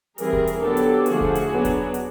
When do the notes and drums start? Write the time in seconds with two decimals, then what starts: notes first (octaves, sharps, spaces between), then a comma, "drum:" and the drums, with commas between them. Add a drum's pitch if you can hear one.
0.18 E3 G3 C4 G#4 A#4, drum: hi-hat
0.33 drum: kick E1
0.47 drum: hi-hat
0.62 D3 F#3 B3 D4 G4 A4
0.77 drum: hi-hat
1.06 D3 F3 A3 F#4 G#4, drum: hi-hat
1.21 drum: kick E1
1.35 drum: hi-hat
1.50 F#3 B3 D4
1.65 drum: kick E1, hi-hat
1.94 drum: hi-hat